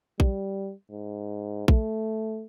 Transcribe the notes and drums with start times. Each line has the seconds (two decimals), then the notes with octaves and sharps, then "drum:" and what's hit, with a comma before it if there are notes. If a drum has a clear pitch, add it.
0.20 G3, drum: kick A#1
0.92 G#2
1.68 A3, drum: kick A#1